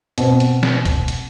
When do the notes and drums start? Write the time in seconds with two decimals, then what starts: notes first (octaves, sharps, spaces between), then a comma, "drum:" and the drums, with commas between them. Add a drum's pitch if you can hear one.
0.18 B2 C4, drum: hi-hat
0.40 drum: hi-hat
0.63 drum: snare
0.85 drum: kick, hi-hat
1.08 drum: hi-hat